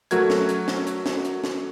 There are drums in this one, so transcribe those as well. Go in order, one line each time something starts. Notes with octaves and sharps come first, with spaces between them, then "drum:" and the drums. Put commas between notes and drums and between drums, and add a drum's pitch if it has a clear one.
F#3 A3 F#4 A#4 G#6, drum: hi-hat
drum: snare
drum: hi-hat
drum: snare
drum: hi-hat
drum: snare
drum: hi-hat
drum: snare